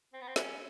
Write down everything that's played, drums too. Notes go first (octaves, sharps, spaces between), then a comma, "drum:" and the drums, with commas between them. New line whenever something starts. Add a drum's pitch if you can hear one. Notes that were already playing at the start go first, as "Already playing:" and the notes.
C4
B3
C4
C#4, drum: snare